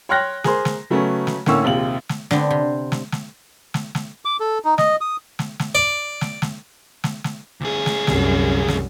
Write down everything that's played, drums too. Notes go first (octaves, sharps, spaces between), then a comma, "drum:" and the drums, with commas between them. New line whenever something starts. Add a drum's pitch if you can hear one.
C#5 G5 C6 F6 F#6 A#6
G#4 A#4 C5 C6, drum: snare
drum: snare
C#3 F#3 A3 B3 C#4
drum: snare
A2 D3 A#3 C#4 C#6 E6, drum: snare
A#1 D#2 C3 F4 F#7
drum: snare
D3 B3 C4, drum: snare
C3
drum: snare
drum: snare
drum: snare
drum: snare
D6
A4
D#4
D#5, drum: snare
D#6
drum: snare
drum: snare
D5
drum: snare
drum: snare
drum: snare
drum: snare
D2 G#4
drum: snare
C2 F#2, drum: snare
drum: snare